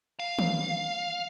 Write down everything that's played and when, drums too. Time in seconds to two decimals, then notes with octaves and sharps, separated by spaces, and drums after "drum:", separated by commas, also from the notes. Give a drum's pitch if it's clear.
0.19 F5
0.39 drum: tom D#3